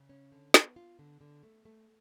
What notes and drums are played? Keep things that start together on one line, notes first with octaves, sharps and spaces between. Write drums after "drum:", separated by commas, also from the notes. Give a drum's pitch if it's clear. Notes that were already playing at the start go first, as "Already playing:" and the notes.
Already playing: C#3
C#4
D3
B3, drum: snare
F4
D3
D3
A3
A3